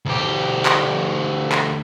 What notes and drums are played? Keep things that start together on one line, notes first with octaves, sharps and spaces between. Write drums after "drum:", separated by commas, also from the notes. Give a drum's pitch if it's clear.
D2 G4
drum: clap
drum: clap